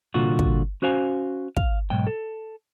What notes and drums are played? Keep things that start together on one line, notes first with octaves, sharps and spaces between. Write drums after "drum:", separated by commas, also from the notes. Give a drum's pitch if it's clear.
C2 A#2 D3 F4 F#4
drum: kick
C#4 F#4 C5 F5 G#5
F5, drum: kick
B1 G#2 G5
A4